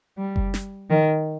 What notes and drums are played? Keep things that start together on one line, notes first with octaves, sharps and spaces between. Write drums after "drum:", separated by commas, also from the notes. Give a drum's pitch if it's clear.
G3
drum: kick F#1
drum: snare
D#3